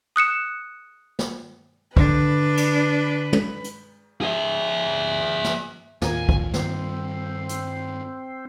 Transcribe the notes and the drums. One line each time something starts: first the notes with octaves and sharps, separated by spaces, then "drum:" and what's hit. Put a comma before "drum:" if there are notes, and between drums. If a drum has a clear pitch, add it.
D#6 F#6 C#7 E7
drum: snare
D3 D4 B4, drum: kick
drum: cymbal
drum: tom
drum: hi-hat
G#4 E5
drum: snare
D#2 A2 D#3 F4 A#4 G#5, drum: snare
drum: kick
G2 D#3 G3 C4, drum: snare
drum: hi-hat